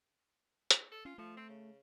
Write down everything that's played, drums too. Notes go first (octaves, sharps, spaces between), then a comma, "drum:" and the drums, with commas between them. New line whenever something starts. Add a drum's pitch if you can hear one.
drum: hi-hat
A4
C#4 F4
F3 A3
C4
C#3